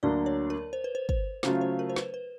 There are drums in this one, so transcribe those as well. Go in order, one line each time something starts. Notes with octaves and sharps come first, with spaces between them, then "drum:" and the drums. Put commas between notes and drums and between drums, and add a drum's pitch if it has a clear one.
D2 D3 F#3 A#3 D4 D5
C#5
A#4
C5
B4
C5
C5, drum: kick
C#3 F#3 A3 C#4 F4 C5, drum: snare
C5
A#4
C5
B4, drum: snare
B4